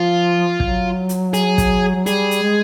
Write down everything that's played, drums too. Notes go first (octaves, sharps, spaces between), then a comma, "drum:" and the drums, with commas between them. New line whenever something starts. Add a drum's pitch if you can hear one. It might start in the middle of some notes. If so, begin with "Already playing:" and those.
Already playing: F3 F4
F#3, drum: kick
drum: hi-hat
G#4, drum: hi-hat
drum: kick, hi-hat
F#3
G3 G#4, drum: hi-hat
drum: hi-hat
G#3